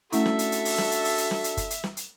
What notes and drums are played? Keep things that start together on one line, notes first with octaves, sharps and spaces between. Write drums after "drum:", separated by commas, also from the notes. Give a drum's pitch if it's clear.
A3 C#4 D4 E4 F#4 A4 E5, drum: hi-hat
drum: snare
drum: hi-hat
drum: hi-hat
drum: open hi-hat
drum: snare
drum: hi-hat
drum: open hi-hat
drum: hi-hat
drum: snare
drum: hi-hat
drum: kick, hi-hat
drum: hi-hat
drum: snare
drum: hi-hat